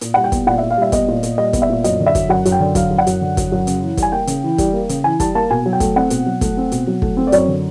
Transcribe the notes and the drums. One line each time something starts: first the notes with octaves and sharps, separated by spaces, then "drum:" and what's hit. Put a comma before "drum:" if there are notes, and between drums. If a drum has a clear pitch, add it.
A#2, drum: hi-hat
G3 F#5
G5
B3, drum: kick, hi-hat
A#2 F#5
A#2 E5
F5
G3 E5
B3 D#5, drum: kick, hi-hat
A#2
A#2, drum: hi-hat
G3 D#5
B3, drum: kick, hi-hat
E5
A#2
F#2 D#5, drum: hi-hat
D3
E5
F#3, drum: kick, hi-hat
F#2 F#5
F#2, drum: hi-hat
G5
D3
F#3 F5, drum: kick, hi-hat
F#2
F#5
F#2, drum: hi-hat
D3
F#3, drum: kick, hi-hat
F#2
C#3, drum: hi-hat
E3
G3, drum: kick, hi-hat
G#5
A#3 G5
C#3, drum: hi-hat
E3
G3, drum: kick, hi-hat
A#3
C#3, drum: hi-hat
E3 G#5
G3 A5, drum: kick, hi-hat
A#3 A5
B2 G#5
F#3
G5
A3, drum: kick, hi-hat
C4 F#5
B2, drum: hi-hat
F#3
A3, drum: kick, hi-hat
C4
B2, drum: hi-hat
F#3
A3, drum: kick
C4
D5
F#2 C#5, drum: hi-hat
D3